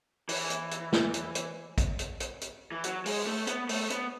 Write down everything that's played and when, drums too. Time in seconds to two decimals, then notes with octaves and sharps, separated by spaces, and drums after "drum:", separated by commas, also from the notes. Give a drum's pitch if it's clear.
0.29 E3, drum: open hi-hat
0.50 drum: hi-hat
0.71 drum: hi-hat
0.93 drum: snare
1.14 drum: hi-hat
1.35 drum: hi-hat
1.78 drum: kick, hi-hat
1.99 drum: hi-hat
2.20 drum: hi-hat
2.41 drum: hi-hat
2.72 E3
2.84 F#3, drum: hi-hat
3.06 G#3, drum: open hi-hat
3.27 A3
3.47 B3, drum: hi-hat
3.69 A3, drum: open hi-hat
3.90 B3, drum: hi-hat